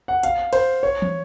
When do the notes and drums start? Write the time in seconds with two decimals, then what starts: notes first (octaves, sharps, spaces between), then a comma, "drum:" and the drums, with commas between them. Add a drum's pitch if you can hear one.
0.08 F#5
0.23 F5, drum: hi-hat
0.53 C5, drum: cymbal
0.83 C#5
1.02 drum: tom